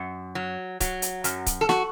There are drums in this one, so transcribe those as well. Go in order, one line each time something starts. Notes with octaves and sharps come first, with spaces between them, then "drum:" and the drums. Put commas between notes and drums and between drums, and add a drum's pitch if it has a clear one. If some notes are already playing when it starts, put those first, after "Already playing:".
Already playing: F#2
F#3
F#3, drum: kick C#1, hi-hat
drum: hi-hat
F#2, drum: hi-hat
drum: kick C#1, hi-hat
A4
F#4, drum: snare